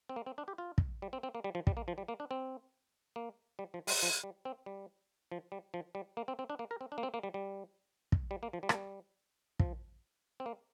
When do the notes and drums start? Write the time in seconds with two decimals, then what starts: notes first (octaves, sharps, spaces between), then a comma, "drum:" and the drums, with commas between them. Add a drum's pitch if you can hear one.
0.09 C4
0.16 A#3
0.26 C4
0.38 D4
0.48 G4
0.58 F4
0.78 drum: kick
1.02 G3
1.13 C4
1.23 C4
1.35 A#3
1.44 G3
1.55 F3
1.67 G3, drum: kick
1.77 A#3
1.88 F3
1.98 G3
2.08 A#3
2.20 D4
2.31 C4
3.16 A#3
3.59 G3
3.74 F3
3.87 G3, drum: open hi-hat
4.03 F3
4.24 G3
4.45 C4
4.66 G3
5.32 F3
5.52 G3
5.74 F3
5.95 G3
6.17 A#3
6.28 C4
6.39 C4
6.50 D4
6.59 A#3
6.71 A#4
6.81 C4
6.92 D4
6.98 A#3
7.03 C4
7.14 A#3
7.23 G3
7.34 G3
8.12 drum: kick
8.31 G3
8.43 A#3
8.53 F3
8.63 G3
8.69 A#3, drum: rim click
8.74 G3
9.59 F3, drum: kick
10.40 C4
10.46 A#3